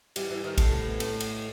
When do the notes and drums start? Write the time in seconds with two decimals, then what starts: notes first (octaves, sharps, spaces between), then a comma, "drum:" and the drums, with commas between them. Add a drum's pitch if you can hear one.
0.16 E3 G3, drum: cymbal
0.30 E3
0.44 D#3
0.58 A2 A3, drum: kick, cymbal
0.87 B3
1.00 A3, drum: cymbal
1.20 drum: cymbal